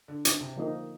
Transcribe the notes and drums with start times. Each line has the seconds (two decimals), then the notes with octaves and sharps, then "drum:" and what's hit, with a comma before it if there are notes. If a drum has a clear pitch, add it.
0.08 D3
0.25 D3, drum: hi-hat
0.40 C3
0.56 D3 F3 A#3 D#4